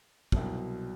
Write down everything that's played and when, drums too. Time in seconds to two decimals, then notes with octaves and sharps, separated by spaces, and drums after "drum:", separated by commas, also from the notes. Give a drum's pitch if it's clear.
0.32 C2 B2 F#3, drum: kick